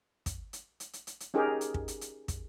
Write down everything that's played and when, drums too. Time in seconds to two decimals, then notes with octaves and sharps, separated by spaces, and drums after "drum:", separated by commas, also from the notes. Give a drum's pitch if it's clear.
0.26 drum: kick, hi-hat
0.53 drum: hi-hat
0.80 drum: hi-hat
0.93 drum: hi-hat
1.07 drum: hi-hat
1.20 drum: hi-hat
1.34 C#4 D#4 G4 G#4 A#4
1.61 drum: hi-hat
1.74 drum: kick
1.88 drum: hi-hat
2.01 drum: hi-hat
2.28 drum: kick, hi-hat